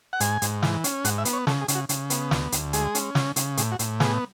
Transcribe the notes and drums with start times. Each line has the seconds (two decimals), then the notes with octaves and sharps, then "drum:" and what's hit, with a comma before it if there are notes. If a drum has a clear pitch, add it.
0.13 F#5
0.20 G#2 G#5, drum: hi-hat
0.42 G#2, drum: hi-hat
0.63 E3, drum: snare
0.84 C#4, drum: hi-hat
1.05 G#2 F#5, drum: hi-hat
1.18 E5
1.25 B3, drum: hi-hat
1.33 C#5
1.47 C#3 A4, drum: snare
1.62 G#4
1.68 C#3, drum: hi-hat
1.75 F#4
1.89 C#3, drum: hi-hat
2.10 B3, drum: hi-hat
2.31 D2, drum: snare
2.52 D2, drum: hi-hat
2.73 G#3 G#4, drum: hi-hat
2.95 C#4, drum: hi-hat
3.15 C#3, drum: snare
3.36 C#3, drum: hi-hat
3.57 A2 G#4, drum: hi-hat
3.72 F#4
3.79 A2, drum: hi-hat
4.00 B3 G#4, drum: snare